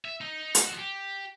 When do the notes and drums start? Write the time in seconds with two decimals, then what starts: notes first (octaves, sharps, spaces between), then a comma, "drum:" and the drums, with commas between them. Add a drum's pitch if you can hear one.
0.05 E5
0.21 D#4 D#5
0.55 drum: hi-hat
0.67 F3 F#4
0.78 G4